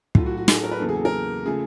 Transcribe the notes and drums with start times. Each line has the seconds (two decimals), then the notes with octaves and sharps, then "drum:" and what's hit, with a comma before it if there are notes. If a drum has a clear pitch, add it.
0.15 A2 F#3 A3 F4, drum: kick
0.26 F#4
0.37 F#4
0.48 G#4, drum: snare
0.55 A4
0.64 A#4
0.71 B4
0.80 E2 C#3 F#3 A#3 A4
0.89 G#4
0.96 A4
1.05 A#4
1.45 C#3 F3 A3 G#4